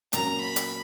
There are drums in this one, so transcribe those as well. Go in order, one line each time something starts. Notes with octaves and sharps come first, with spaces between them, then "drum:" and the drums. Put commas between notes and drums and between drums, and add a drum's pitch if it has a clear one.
A#2 F#3 A#3 C#4 A#5, drum: hi-hat
B5
drum: hi-hat